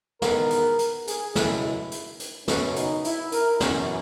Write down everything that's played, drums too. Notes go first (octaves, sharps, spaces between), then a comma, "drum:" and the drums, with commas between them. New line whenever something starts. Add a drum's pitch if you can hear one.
E2 D#3 G#3 B3 A#4, drum: snare
drum: hi-hat
drum: hi-hat
G#4, drum: hi-hat
F#2 C#3 G#3 B3 E4, drum: snare
drum: hi-hat
drum: hi-hat
F#2 C#3 F#3 B3 C#4, drum: snare
D#4, drum: hi-hat
E4, drum: hi-hat
A#4, drum: hi-hat
F#2 E3 B3 C#4, drum: snare